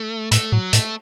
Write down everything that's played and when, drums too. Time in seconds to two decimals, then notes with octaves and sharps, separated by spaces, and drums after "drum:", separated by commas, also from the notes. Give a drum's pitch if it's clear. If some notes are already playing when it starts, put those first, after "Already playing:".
Already playing: A3
0.32 A2 A3, drum: hi-hat
0.52 A2 F#3
0.73 A2 A3, drum: hi-hat